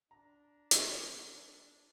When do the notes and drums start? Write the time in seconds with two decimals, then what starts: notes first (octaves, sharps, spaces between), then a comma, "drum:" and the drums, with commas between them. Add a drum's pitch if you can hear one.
0.11 D4 A#5
0.71 drum: hi-hat